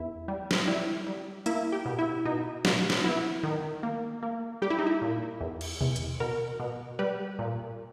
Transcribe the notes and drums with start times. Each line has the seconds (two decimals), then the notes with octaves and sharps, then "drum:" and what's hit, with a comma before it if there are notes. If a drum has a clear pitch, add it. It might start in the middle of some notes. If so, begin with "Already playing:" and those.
Already playing: E2 E4
0.28 G3
0.51 drum: snare
0.67 G3 E4
1.07 G3
1.46 A#3 E4, drum: hi-hat
1.72 G4
1.86 B2
1.99 E4
2.25 B2 D#4
2.65 B2, drum: snare
2.90 drum: snare
3.04 B3 E4
3.43 D#3
3.83 A#3
4.23 A#3
4.62 G3 G4
4.70 E4
4.79 D#4
4.87 E4
5.02 A#2
5.41 E2
5.61 drum: cymbal
5.81 E2, drum: tom B2
5.96 drum: hi-hat
6.20 B2 A#4
6.60 B2
6.99 G3 B4
7.39 A#2